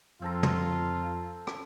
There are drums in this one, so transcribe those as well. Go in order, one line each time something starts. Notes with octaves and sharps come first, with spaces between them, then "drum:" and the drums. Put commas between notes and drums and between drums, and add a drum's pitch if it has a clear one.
F2 C4 F4 A4 A#5
drum: tom
drum: rim click